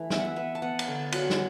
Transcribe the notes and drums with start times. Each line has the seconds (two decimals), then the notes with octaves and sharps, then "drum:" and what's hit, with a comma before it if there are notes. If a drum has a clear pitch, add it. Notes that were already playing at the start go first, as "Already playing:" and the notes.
Already playing: E3 A3
0.10 B3 E5, drum: snare
0.19 F#5
0.25 E5
0.36 B3 E5
0.55 A5
0.62 B3 F#5
0.79 drum: cymbal
0.88 D3
1.12 F#3 F#5, drum: cymbal
1.30 drum: snare